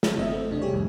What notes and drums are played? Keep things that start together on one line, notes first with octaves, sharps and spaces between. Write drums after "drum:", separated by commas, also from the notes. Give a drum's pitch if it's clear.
drum: snare
G1 C4 D#5 E5
A3 C4
E2 C3 D4
G3 G4 G#4 C#5
C2 F2 A2